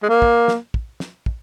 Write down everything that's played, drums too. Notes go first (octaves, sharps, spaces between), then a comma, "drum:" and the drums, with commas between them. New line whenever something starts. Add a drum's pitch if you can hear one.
G#3
A#3
drum: kick
drum: snare
drum: kick
drum: snare
drum: kick